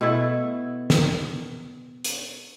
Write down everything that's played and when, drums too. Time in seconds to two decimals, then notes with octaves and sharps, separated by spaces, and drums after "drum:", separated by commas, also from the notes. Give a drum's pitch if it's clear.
0.01 B2 A3 E4 A4
0.90 drum: snare
2.04 drum: hi-hat